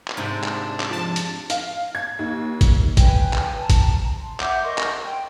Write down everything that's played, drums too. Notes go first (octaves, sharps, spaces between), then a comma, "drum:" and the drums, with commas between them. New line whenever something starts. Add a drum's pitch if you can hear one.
drum: clap
G#2 C3 D4
drum: clap
drum: clap
F3 A5
drum: hi-hat
F5, drum: hi-hat
G#6
D#2
drum: kick, hi-hat
B4 G5 G#5, drum: kick, hi-hat
drum: clap
A5 A#5
drum: kick, hi-hat
C6
E5 F#5 D6 G6, drum: clap
A#4 D#5 C6 C#6
drum: clap
G5